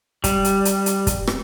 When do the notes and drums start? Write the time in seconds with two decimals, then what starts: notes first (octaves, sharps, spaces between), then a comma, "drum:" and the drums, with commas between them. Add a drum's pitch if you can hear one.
0.24 G3, drum: kick, hi-hat
0.44 drum: hi-hat
0.65 drum: hi-hat
0.86 drum: hi-hat
1.07 drum: kick, hi-hat
1.27 drum: rim click